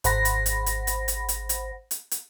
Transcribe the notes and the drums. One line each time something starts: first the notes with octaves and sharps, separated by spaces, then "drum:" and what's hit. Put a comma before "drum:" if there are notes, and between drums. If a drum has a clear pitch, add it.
G#1 C5 F#5 B5 A#6, drum: hi-hat
drum: hi-hat
drum: hi-hat
drum: hi-hat
drum: hi-hat
drum: hi-hat
drum: hi-hat
drum: hi-hat
drum: hi-hat
drum: hi-hat